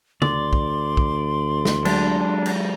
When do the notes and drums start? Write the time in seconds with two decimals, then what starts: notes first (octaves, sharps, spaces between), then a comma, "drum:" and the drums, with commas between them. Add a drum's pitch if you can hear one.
0.22 D2 D5 C6, drum: tom
0.53 drum: kick
0.97 drum: kick
1.65 drum: snare
1.85 F#3 G#3 D4, drum: cymbal
2.46 drum: cymbal